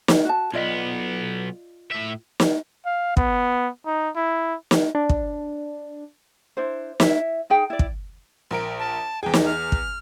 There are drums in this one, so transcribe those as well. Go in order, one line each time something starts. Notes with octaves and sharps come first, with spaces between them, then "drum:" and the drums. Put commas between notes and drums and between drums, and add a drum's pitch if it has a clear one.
drum: snare
F#4 A5
B1 B3 F4 D5 D#5
A2 E5
drum: snare
F5
B3, drum: kick
D#4
E4
drum: snare
D4
drum: kick
D4 E4 C5
E4 E5, drum: snare
D#4 G#4 G5
E4 D5
drum: kick
A#1 A#4 D7
A5
E2 G#4 G5
drum: snare
F6
drum: kick